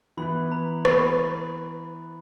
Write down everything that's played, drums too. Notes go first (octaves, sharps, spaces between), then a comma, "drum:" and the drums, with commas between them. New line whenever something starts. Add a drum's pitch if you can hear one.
E3 B3 E4 B4 B5
A#5
B5, drum: rim click